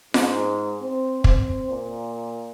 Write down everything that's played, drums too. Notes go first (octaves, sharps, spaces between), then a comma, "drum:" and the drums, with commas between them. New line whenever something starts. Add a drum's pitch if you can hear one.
G#2, drum: snare F4
C4
C4, drum: kick
A#2